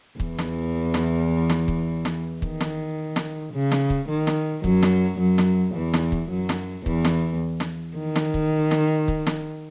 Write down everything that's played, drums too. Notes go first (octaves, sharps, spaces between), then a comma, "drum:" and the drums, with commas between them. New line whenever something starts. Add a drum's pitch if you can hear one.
E2 E3, drum: kick
drum: snare
drum: snare
drum: snare
drum: kick
drum: snare
D#3, drum: kick
drum: snare
drum: snare
C#3
drum: snare
drum: kick
D#3
drum: snare
F#2 F#3, drum: kick
drum: snare
F#2 F#3
drum: snare
E2 E3
drum: snare
drum: kick
F#2 F#3
drum: snare
E2 E3, drum: kick
drum: snare
drum: snare
D#3
drum: snare
drum: kick
drum: snare
drum: kick
drum: snare